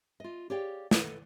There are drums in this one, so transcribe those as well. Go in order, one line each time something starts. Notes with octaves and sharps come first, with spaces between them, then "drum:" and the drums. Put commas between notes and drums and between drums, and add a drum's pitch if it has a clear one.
F4 D#5
G4 G#4 C#5 D5 F5 G5
A4 B4 D#5 F#5, drum: snare